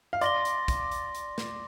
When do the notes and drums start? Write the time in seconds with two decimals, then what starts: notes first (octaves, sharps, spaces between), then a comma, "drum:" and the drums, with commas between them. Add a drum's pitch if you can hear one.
0.13 F5
0.21 D5 C6 A#6 G7, drum: hi-hat
0.45 drum: hi-hat
0.68 drum: kick, hi-hat
0.91 drum: hi-hat
1.15 drum: hi-hat
1.38 drum: snare